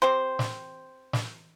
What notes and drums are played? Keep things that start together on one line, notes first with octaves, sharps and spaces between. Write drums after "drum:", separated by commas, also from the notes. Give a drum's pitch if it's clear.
C4 G4 C5
drum: snare
drum: snare